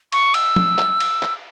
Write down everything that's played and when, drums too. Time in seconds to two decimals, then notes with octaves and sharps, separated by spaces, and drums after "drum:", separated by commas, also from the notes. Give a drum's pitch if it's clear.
0.12 C#6, drum: cymbal
0.34 E6, drum: cymbal
0.56 drum: tom
0.78 drum: clap
1.00 drum: cymbal
1.23 drum: clap